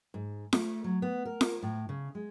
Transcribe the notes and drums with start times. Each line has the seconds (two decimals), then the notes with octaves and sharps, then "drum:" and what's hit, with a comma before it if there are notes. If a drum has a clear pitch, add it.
0.14 G#2
0.53 A3, drum: snare F4
0.84 F#3
1.02 B3
1.25 A#4
1.41 drum: snare F4
1.63 A2
1.89 C#3
2.15 G#3